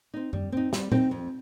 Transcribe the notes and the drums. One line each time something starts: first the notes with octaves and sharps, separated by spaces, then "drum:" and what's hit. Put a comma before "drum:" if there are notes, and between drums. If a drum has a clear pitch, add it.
C4 D#4
G3, drum: tom F#2
C4 D#4
G3, drum: snare
C4 D#4, drum: tom A#2
F2